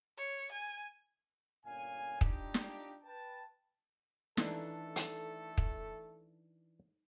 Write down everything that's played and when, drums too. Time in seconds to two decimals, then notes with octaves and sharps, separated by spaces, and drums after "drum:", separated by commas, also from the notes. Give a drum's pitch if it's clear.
0.17 C#5
0.52 G#5
1.65 G1 A#2 C#4 F5 G#5
2.21 D4 D#4 F4 G4, drum: kick
2.54 drum: snare
3.04 B4 G5 A5
4.37 E3 A3 D4 D#4 A4, drum: snare
4.96 drum: hi-hat
5.58 drum: kick